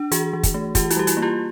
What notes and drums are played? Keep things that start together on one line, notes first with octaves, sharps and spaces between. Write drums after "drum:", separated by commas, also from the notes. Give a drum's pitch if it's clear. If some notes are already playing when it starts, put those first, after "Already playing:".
Already playing: D4
E3 F#4 G#4, drum: hi-hat
E3
drum: kick, hi-hat
A3
E3 F4 G4, drum: kick, hi-hat
E4 F#4, drum: hi-hat
G3 G4
E4 F#4, drum: hi-hat
A#3
F4 G4